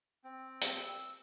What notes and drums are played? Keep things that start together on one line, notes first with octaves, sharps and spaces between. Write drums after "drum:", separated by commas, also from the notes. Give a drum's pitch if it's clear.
C4
drum: hi-hat
E6